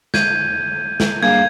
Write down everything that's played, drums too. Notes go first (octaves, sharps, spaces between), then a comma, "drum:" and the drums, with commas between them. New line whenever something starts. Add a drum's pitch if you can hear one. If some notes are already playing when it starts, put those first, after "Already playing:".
G6 G#6 D#7, drum: snare
drum: snare
G2 A#3 G#4 F5 G#6